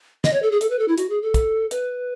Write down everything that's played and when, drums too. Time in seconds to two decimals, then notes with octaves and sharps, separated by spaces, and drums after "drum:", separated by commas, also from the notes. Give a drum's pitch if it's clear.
0.24 D#5, drum: snare
0.33 C#5
0.42 A4
0.52 G#4
0.61 A4, drum: hi-hat
0.70 B4
0.79 A4
0.88 E4
0.98 F#4, drum: hi-hat
1.10 G#4
1.22 A4
1.34 drum: kick, hi-hat
1.71 B4, drum: hi-hat